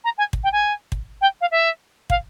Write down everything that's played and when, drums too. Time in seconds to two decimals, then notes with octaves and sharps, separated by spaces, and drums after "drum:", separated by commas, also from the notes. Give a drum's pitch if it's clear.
0.04 A#5
0.18 G#5
0.33 drum: kick
0.43 G5
0.52 G#5
0.92 drum: kick
1.21 G5
1.41 F5
1.51 E5
2.10 F5, drum: kick